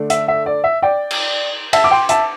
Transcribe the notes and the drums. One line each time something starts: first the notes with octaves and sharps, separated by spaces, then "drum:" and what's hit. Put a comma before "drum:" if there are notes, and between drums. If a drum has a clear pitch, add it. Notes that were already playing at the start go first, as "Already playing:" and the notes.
Already playing: D3 A3 D4
E5, drum: hi-hat
E5
D5
E5
D5 G5
drum: cymbal
E5 A5, drum: cymbal
D6
G5 C6
E5 A5, drum: hi-hat